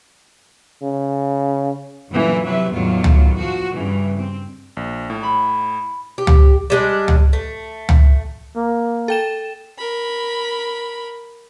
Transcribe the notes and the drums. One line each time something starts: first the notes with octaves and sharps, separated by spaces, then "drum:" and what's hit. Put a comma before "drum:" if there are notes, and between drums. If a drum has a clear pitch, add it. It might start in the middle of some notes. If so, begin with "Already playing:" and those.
C#3
F#2 A#2 D3 E3
C3 E3 F#3 B4 E5
E2 A2 D#3 F#3 F4
drum: tom
F3 F#4
G2 C#3 E3
C4
A#1
A2
B5
G4
drum: tom
G3 G#3 D4
drum: tom
A3
drum: tom
A#3
A4 G5 E7
A#4 B5